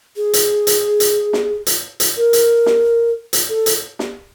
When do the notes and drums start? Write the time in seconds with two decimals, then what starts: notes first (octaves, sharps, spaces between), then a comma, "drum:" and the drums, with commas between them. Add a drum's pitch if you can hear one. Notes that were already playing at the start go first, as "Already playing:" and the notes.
0.16 G#4
0.33 drum: hi-hat
0.67 drum: hi-hat
1.00 drum: hi-hat
1.33 drum: snare
1.66 drum: hi-hat
2.00 drum: hi-hat
2.17 A#4
2.33 drum: hi-hat
2.66 drum: snare
3.33 drum: hi-hat
3.50 A4
3.66 drum: hi-hat
3.99 drum: snare